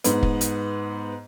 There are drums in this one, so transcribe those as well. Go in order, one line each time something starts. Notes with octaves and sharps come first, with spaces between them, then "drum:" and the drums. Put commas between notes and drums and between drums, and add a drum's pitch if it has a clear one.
G#2 B3, drum: hi-hat
drum: kick
drum: hi-hat